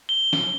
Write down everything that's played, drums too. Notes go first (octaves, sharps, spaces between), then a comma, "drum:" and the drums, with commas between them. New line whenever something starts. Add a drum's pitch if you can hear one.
G7
drum: snare